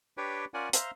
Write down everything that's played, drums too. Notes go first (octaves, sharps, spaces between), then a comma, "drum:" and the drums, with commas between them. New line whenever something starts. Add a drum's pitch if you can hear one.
D4 G4 B4 C#5 G5
C#4 F4 A#4 D5 F#5 G#5
C5 E5 F5 A#5 C6, drum: hi-hat